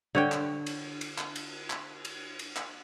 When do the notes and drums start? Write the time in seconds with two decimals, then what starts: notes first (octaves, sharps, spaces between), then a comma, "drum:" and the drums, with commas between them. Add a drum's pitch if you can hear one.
0.15 D3 C#5 G5
0.32 drum: clap
0.66 drum: cymbal
1.01 drum: cymbal
1.18 drum: clap
1.36 drum: cymbal
1.70 drum: clap
2.05 drum: cymbal
2.39 drum: cymbal
2.56 drum: clap